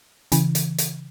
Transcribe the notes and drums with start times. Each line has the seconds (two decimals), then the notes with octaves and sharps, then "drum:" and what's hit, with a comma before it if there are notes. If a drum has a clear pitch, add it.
0.32 C#3 E3, drum: hi-hat
0.55 drum: hi-hat
0.78 drum: hi-hat